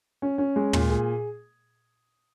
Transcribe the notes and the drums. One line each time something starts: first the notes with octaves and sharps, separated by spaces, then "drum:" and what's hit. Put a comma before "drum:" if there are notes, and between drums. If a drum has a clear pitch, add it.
C#4
C#4
G#3
A#2, drum: tom
G#4